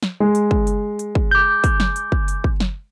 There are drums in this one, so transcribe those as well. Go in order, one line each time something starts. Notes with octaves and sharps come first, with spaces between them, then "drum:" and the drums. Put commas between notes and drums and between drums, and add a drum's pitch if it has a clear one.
drum: snare
G#3
drum: hi-hat
drum: kick
drum: hi-hat
drum: hi-hat
drum: kick
D6 G6
drum: kick, hi-hat
drum: snare
drum: hi-hat
drum: kick
drum: hi-hat
drum: kick
drum: snare